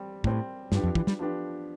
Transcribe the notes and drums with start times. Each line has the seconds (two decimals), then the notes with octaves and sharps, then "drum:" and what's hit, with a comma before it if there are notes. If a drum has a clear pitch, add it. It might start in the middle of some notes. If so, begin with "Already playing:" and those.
Already playing: G3 C4 G4
0.24 A2 G3 C4 G4, drum: kick
0.72 G2 F3 B3 D4 G4, drum: snare
0.84 F2
0.95 E3, drum: kick
1.07 G3, drum: snare
1.19 F3 B3 D4 G4